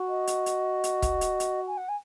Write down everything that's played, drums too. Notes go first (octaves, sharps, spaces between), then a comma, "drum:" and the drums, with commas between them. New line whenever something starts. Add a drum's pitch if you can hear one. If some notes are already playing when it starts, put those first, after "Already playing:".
Already playing: F#4
D#5
drum: hi-hat
drum: hi-hat
drum: hi-hat
drum: kick, hi-hat
drum: hi-hat
drum: hi-hat
G#5
F#5
G#5